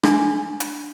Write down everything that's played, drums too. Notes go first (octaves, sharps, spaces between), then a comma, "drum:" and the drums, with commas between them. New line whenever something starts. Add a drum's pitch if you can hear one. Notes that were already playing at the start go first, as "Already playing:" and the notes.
D4 G#5, drum: rim click
drum: hi-hat